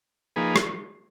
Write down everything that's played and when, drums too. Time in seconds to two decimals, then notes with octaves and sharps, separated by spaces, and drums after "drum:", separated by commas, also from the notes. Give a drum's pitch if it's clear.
0.36 F3 A#3 D#4 G#4 B4
0.56 drum: rim click